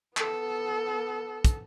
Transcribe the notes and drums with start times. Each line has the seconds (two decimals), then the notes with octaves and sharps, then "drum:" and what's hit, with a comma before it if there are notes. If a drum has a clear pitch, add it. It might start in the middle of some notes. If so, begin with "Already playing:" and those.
0.17 B3 A4, drum: clap
1.45 drum: kick, hi-hat